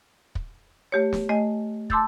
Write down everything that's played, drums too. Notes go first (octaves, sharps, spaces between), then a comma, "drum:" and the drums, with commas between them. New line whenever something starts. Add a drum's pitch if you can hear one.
drum: kick
A3 G4 C#5
drum: snare
A3 D#5 G#5
A5 C6 D6 E6 G6 A6, drum: kick